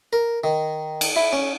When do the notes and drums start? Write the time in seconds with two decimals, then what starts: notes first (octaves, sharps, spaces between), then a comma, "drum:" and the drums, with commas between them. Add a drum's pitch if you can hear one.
0.13 A#4
0.44 D#3
1.01 drum: cymbal
1.16 E4
1.33 C#4